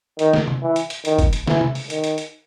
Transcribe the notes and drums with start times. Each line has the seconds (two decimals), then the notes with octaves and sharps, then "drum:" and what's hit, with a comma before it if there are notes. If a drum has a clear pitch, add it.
0.19 D#3, drum: hi-hat
0.33 drum: snare
0.48 drum: tom C3
0.62 E3
0.76 drum: hi-hat
0.90 drum: hi-hat
1.05 D#3, drum: hi-hat
1.19 drum: kick, hi-hat
1.33 drum: hi-hat
1.47 E3, drum: snare
1.61 drum: tom C3
1.75 drum: open hi-hat
1.90 D#3, drum: hi-hat
2.04 drum: hi-hat
2.18 drum: hi-hat